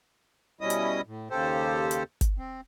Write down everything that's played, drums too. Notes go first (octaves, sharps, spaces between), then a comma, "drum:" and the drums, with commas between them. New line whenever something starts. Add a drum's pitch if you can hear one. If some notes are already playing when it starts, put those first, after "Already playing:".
B2 G3 C#4 E4 D#5 D#6
drum: hi-hat
A2
D#2 C#3 G4 A4 C5
drum: hi-hat
drum: kick, hi-hat
C4